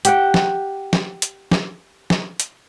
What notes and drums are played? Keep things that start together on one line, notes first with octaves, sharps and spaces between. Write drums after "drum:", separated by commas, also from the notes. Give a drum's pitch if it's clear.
G4 F#5 G5, drum: hi-hat
drum: snare
drum: snare
drum: hi-hat
drum: snare
drum: snare
drum: hi-hat